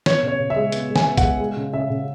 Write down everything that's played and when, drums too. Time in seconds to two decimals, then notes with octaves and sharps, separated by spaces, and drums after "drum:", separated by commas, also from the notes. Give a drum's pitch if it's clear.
0.06 B3 C#5, drum: snare
0.23 C#3 C#5
0.40 C#3
0.50 E5
0.56 G#3
0.72 B3, drum: hi-hat
0.90 G#3
0.96 G#5, drum: snare
1.06 B3
1.17 G#3 F#5, drum: kick, hi-hat
1.40 G#3
1.56 C#3
1.73 C#3 E5
1.90 C#3